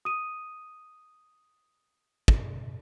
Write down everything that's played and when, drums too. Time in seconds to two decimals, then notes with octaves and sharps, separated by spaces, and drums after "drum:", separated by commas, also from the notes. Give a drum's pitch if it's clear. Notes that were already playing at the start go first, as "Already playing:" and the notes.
0.05 D#6 D#7
2.28 drum: kick